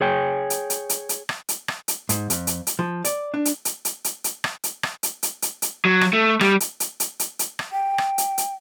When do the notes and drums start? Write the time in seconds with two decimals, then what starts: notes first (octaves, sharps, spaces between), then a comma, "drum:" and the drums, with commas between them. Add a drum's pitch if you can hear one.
0.01 G#4 C#5 G5 G#5
0.50 drum: hi-hat
0.70 drum: hi-hat
0.89 drum: hi-hat
1.09 drum: hi-hat
1.29 drum: rim click
1.49 drum: hi-hat
1.68 drum: rim click
1.88 drum: hi-hat
2.09 G#2, drum: hi-hat
2.30 F2, drum: hi-hat
2.47 drum: hi-hat
2.67 drum: hi-hat
2.79 F3
3.05 D5, drum: hi-hat
3.34 D4
3.45 drum: hi-hat
3.65 drum: hi-hat
3.85 drum: hi-hat
4.04 drum: hi-hat
4.24 drum: hi-hat
4.44 drum: rim click
4.64 drum: hi-hat
4.83 drum: rim click
5.03 drum: hi-hat
5.23 drum: hi-hat
5.42 drum: hi-hat
5.62 drum: hi-hat
5.85 F#3
6.01 drum: rim click
6.13 A3
6.41 G3, drum: rim click
6.60 drum: hi-hat
6.80 drum: hi-hat
7.00 drum: hi-hat
7.19 drum: hi-hat
7.39 drum: hi-hat
7.59 drum: rim click
7.72 G5
7.98 drum: rim click
8.18 drum: hi-hat
8.38 drum: hi-hat